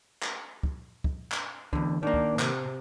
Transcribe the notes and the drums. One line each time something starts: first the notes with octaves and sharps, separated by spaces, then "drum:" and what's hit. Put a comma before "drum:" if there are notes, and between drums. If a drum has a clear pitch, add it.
drum: clap
drum: kick
drum: kick
drum: clap
E2 D3, drum: kick
D#3 A#3 D4
drum: kick
C3, drum: clap